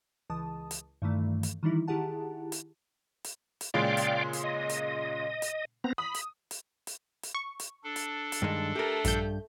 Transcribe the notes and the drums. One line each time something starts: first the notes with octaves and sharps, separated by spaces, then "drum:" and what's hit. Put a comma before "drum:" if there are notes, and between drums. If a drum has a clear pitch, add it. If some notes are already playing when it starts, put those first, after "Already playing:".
C#2 E3 A5 D#6
drum: hi-hat
G2 D#3 E3 A3
drum: hi-hat
D#3 E3 G3 D#4 E4
D#3 E4 G4 G#4 F#5 A5
drum: hi-hat
drum: hi-hat
drum: hi-hat
A#2 C#3 G#3 D5 F5 G5
drum: hi-hat
drum: hi-hat
D#5
drum: hi-hat
drum: hi-hat
B3 C4 A#5
B5 D#6
drum: hi-hat
drum: hi-hat
drum: hi-hat
drum: hi-hat
C#6
drum: hi-hat
D4 A4
drum: hi-hat
drum: hi-hat
G2 D#3 G#3
A3 G4 A#4
A#1 G2 G6, drum: hi-hat